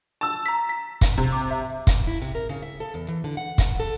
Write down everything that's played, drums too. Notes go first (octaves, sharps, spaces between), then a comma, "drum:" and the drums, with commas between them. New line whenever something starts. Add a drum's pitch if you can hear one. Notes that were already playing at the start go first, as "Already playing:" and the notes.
A5 E6
A#5 B6
B6
drum: kick, hi-hat
C3
D6
E5
drum: kick, hi-hat
E4
C3
A#4
C#3
E5
A4
E2
E3
D3
F#5
drum: kick, hi-hat
A4